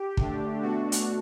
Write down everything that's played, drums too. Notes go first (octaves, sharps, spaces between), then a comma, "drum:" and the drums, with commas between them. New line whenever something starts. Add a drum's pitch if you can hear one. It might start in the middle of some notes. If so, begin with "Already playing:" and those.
Already playing: G4
D3 A3 D4, drum: kick
B2 A3 D4 F#4
drum: hi-hat